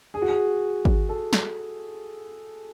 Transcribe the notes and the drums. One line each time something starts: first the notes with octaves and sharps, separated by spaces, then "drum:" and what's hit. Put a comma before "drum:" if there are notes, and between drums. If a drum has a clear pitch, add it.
G#4
F#4
G#4
drum: kick G#1
A4
drum: snare